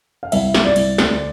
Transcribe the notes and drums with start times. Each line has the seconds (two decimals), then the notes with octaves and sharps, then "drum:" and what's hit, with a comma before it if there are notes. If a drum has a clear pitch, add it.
0.23 F5
0.32 C2 E5, drum: cymbal
0.54 C2, drum: snare
0.65 D5
0.76 C2, drum: cymbal
0.98 D2, drum: snare